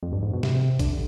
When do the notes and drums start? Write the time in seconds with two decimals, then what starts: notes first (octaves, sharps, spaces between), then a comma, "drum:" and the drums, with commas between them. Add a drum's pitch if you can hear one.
0.03 F2
0.13 G2
0.22 G#2
0.33 B2
0.43 C3, drum: snare
0.79 D3, drum: kick, hi-hat